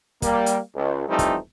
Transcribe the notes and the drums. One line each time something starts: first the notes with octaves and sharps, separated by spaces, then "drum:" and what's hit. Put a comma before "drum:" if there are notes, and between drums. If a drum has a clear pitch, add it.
G3 A#3, drum: kick, hi-hat
drum: hi-hat
C#2
E3 F3 G3 A3 C4 D#4
drum: kick, hi-hat